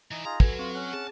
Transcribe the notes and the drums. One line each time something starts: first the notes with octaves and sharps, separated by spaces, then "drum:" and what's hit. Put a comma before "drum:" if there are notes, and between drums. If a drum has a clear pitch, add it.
E3 D#4
D#4 F4 G#4 A#5
F#3 F#4 A4 B4 G#5, drum: kick
C4 F4 C#6
C#4 F#5
G#4 A5